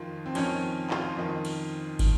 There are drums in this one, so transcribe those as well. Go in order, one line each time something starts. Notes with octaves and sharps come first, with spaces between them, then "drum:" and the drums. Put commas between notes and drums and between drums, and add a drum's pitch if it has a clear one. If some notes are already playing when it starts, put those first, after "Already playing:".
Already playing: F2 D#3 F4
C4
F2 D#3 C#4, drum: cymbal
F4, drum: clap
F2 D#3
drum: cymbal
drum: kick, cymbal